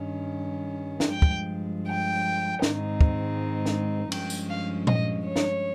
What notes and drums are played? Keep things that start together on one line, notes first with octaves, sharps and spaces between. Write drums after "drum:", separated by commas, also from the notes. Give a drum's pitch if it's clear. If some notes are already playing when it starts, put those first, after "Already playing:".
Already playing: G2 D#3 G3 C#4
drum: snare D4
G2 F3 G#3 G5
drum: kick
G5
G#2 D#3 G#3 C4 D#4, drum: snare D4
drum: kick
drum: snare D4
G2 F3 G#3 C#4 G5, drum: cymbal
drum: tambourine
F5
D#5, drum: tom A#2
C#5
drum: snare D4